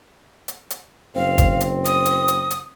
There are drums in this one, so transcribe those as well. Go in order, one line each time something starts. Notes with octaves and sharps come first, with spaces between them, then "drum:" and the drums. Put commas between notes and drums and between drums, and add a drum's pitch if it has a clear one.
drum: hi-hat
drum: hi-hat
F#1 C4 F5
drum: kick, hi-hat
drum: hi-hat
D#6, drum: hi-hat
drum: hi-hat
drum: hi-hat
drum: hi-hat